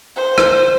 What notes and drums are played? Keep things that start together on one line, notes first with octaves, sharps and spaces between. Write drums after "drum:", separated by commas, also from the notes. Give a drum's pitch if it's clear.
C5
drum: rim click